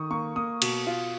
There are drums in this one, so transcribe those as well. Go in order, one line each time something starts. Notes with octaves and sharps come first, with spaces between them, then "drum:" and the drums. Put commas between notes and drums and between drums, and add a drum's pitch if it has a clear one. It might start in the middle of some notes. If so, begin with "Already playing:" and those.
Already playing: D#3 C#6 D#6
A#3 C#6
A#3 D#6
B2, drum: cymbal
F4